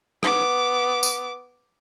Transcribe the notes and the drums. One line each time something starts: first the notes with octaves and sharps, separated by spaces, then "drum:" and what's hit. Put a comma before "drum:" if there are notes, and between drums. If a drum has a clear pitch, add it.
B3 D6, drum: rim click
drum: tambourine